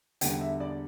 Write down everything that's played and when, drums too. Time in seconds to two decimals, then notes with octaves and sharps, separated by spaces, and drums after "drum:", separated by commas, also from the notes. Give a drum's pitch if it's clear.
0.21 E2 D3 G3 G5, drum: hi-hat
0.41 E5
0.60 D5